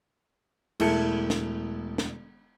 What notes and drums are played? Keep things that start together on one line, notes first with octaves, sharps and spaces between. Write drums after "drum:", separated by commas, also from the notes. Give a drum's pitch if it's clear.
E1 A3 E4 A5 C#7, drum: cymbal
drum: snare
drum: snare